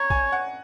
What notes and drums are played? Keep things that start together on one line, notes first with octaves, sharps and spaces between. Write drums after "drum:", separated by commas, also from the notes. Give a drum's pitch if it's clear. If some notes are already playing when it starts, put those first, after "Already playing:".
Already playing: C#5 A#5 C#6
G#5, drum: kick
F#5